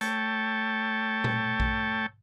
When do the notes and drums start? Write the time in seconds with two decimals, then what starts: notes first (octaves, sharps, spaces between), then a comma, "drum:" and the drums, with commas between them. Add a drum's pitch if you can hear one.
0.01 A3 C#5 G5 A5, drum: hi-hat
1.24 drum: tom A#2
1.60 drum: kick A#1